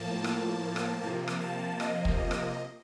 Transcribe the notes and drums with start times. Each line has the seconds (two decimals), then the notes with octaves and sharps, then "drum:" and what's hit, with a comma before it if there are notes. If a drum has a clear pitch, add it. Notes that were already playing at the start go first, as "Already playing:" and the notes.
Already playing: A2 F3 A#3 A5
0.24 drum: rim click
0.76 drum: rim click
1.01 C3 F3 A#3
1.28 drum: rim click
1.41 A5
1.80 D#5, drum: rim click
2.05 drum: kick
2.31 drum: rim click